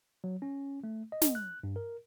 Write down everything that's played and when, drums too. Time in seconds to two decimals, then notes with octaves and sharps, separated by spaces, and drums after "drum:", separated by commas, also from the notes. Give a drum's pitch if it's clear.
0.24 F#3
0.42 C#4
0.84 A3
1.12 D#5
1.22 drum: snare
1.35 F#6
1.63 G2
1.76 A#4